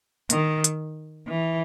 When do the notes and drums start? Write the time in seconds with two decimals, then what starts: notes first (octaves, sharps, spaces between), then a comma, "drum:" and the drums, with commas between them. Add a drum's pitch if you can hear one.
0.30 D#3, drum: hi-hat
0.64 drum: hi-hat
1.28 E3